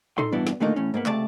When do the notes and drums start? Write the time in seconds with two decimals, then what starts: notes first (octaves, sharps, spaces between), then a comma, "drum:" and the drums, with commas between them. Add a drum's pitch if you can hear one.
0.18 D#4 A4 C6, drum: tom A2
0.32 G2 B2 E3 B3 D4
0.47 drum: snare
0.60 D#2 A#2 D3 A3 A#3 D#4
0.76 E2 A2 C#4
0.94 G#2 A#3 B3
1.06 C#2 C3 A3 D5 A5, drum: clap